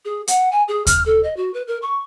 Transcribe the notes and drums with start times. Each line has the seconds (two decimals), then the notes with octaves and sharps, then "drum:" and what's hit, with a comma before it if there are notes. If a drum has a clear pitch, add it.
0.05 G#4
0.28 F#5, drum: hi-hat
0.52 G#5
0.68 G#4
0.87 F6, drum: kick D#2, hi-hat
1.06 A4
1.24 D#5
1.37 F#4
1.54 B4
1.68 A#4
1.82 C#6